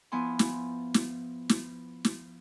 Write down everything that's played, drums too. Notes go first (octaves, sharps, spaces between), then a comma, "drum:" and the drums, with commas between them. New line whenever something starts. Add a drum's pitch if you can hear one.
F3 B3 E4 G#5 C6
drum: snare
drum: snare
drum: snare
drum: snare